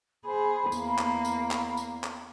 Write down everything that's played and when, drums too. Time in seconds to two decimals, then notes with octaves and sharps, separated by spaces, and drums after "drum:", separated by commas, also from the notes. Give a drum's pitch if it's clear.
0.24 G#4 C5 B5
0.72 E2 A#3, drum: tambourine
0.98 drum: clap
1.25 drum: tambourine
1.51 drum: clap
1.77 drum: tambourine
2.04 drum: clap